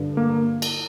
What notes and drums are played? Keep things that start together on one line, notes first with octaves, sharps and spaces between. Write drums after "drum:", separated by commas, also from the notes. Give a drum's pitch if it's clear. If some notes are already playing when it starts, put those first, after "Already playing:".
Already playing: G2 D3
A#3
drum: cymbal